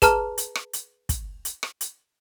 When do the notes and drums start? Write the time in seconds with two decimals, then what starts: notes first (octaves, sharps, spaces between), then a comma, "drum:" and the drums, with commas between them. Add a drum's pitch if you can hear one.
0.02 G#4 B4 A5 A#5 F6, drum: kick, hi-hat
0.38 drum: hi-hat
0.55 drum: rim click
0.73 drum: hi-hat
1.09 drum: kick, hi-hat
1.45 drum: hi-hat
1.63 drum: rim click
1.81 drum: hi-hat